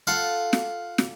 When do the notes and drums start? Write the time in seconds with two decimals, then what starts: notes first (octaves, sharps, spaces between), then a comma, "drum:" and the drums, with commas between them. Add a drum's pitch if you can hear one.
0.07 F4 A4 F5 F#5
0.53 drum: snare
0.98 drum: snare